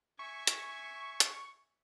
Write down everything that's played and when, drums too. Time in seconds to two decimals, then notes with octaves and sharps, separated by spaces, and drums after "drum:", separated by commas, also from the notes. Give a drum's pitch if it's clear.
0.19 E5 G#5 C#6
0.47 drum: hi-hat
1.20 drum: hi-hat